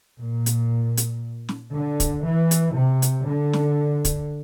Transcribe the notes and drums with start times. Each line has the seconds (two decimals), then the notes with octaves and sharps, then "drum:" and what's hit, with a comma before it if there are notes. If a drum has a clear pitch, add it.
0.21 A#2
0.46 drum: hi-hat
0.97 drum: hi-hat
1.49 drum: snare
1.74 D3
2.00 drum: kick, hi-hat
2.26 E3
2.51 drum: hi-hat
2.76 C3
3.02 drum: hi-hat
3.27 D3
3.53 drum: snare
4.05 drum: kick, hi-hat